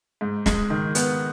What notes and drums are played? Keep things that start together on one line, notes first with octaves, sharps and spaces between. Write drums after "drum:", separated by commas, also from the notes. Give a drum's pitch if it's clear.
G#2
G#3, drum: snare
D#3
B3, drum: hi-hat